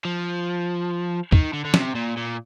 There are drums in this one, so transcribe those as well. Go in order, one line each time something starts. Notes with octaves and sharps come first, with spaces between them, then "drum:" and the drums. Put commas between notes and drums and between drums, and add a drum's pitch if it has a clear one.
F3
D#3, drum: kick
D3
D3
C3, drum: snare
A#2
A#2